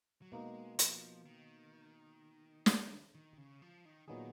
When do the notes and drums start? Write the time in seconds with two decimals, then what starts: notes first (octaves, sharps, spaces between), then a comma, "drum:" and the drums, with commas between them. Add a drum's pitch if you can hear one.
0.22 F#3
0.32 B2 G#3 A#3 D#4
0.79 F3, drum: hi-hat
1.25 D#3
2.66 drum: snare
3.15 D#3
3.38 C#3
3.62 F3
3.85 D#3
4.08 A#2 D#3 F#3 B3 D#4 G#4